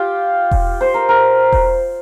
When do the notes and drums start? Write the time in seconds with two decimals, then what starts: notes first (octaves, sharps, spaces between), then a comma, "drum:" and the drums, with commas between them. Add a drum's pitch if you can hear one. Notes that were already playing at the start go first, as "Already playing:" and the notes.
Already playing: F4 G4
0.51 drum: kick E1
0.81 C5
0.94 A#4
1.09 A#4
1.52 drum: kick E1